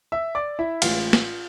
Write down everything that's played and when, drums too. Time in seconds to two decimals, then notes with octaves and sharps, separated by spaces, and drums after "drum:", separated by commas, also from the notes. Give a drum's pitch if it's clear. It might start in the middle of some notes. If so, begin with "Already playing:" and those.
0.12 E5 E6
0.35 D5 D6
0.59 E4 E5
0.82 A1 A2 E3 G#3 F4 F5, drum: cymbal
1.13 drum: snare